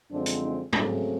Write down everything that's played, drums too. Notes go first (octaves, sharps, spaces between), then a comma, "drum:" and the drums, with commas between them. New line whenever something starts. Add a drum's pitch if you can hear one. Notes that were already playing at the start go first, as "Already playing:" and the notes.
F#2 D3 F3 G#3 C4 D4
drum: hi-hat
D#4
C#3 F#3 A3 C4 D4 E4, drum: tom G#2